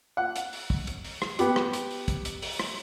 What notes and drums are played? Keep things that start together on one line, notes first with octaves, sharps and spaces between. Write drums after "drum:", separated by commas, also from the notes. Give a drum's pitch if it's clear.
F#5
drum: hi-hat
drum: open hi-hat
drum: kick
drum: hi-hat
drum: open hi-hat
drum: rim click
B3 G4, drum: hi-hat
drum: rim click
drum: hi-hat
drum: open hi-hat
drum: kick, hi-hat
drum: hi-hat
drum: open hi-hat
drum: rim click